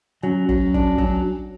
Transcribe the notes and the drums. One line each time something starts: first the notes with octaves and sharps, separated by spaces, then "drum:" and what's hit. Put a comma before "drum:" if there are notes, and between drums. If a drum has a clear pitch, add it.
F#3 C#4
F#3, drum: kick
D4, drum: kick
F#3, drum: kick